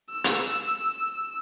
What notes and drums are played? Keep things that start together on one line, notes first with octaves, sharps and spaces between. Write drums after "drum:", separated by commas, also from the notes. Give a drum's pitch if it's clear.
E6
drum: hi-hat